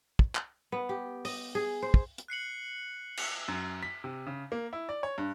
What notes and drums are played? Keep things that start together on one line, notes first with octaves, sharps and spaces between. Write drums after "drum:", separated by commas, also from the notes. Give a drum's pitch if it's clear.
drum: kick
drum: clap
B3
G4
D#5, drum: open hi-hat
G#4
C5
drum: kick
drum: hi-hat
F#6 C7 C#7 F#7
drum: cymbal
F#2
B6
C3
C#3
A#3
E4
D5
C#5
G2